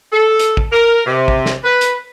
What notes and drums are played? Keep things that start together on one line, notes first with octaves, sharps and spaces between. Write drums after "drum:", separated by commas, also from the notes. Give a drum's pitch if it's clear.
A4
drum: hi-hat
drum: kick
A#4
C3
drum: kick
drum: snare
B4
drum: hi-hat